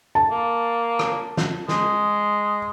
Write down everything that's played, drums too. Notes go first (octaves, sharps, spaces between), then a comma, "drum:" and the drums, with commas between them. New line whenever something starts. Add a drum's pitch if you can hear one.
A5
A#3
drum: rim click
drum: snare
G#3, drum: snare